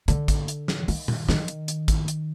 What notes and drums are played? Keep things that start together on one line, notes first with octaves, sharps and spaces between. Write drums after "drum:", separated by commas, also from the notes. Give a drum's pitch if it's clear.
D3, drum: hi-hat
drum: kick, hi-hat
drum: hi-hat
drum: snare
D#3, drum: open hi-hat
drum: tom A#2
D#3, drum: snare
drum: hi-hat
drum: hi-hat
drum: kick, hi-hat
drum: hi-hat